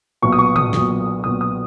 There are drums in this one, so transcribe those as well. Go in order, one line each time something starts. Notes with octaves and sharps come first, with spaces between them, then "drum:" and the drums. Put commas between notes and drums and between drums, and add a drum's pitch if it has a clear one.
B1 A#2 F#3 B3 C#6
D#6
C#6
D#6, drum: tom
B1 A#2 F#3 B3, drum: snare
B1 A#2 F#3 B3 D#6
D#6